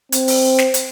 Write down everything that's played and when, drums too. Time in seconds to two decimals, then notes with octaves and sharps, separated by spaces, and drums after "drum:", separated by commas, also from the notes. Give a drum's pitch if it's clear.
0.12 C4, drum: hi-hat
0.28 drum: open hi-hat
0.58 drum: snare
0.74 drum: hi-hat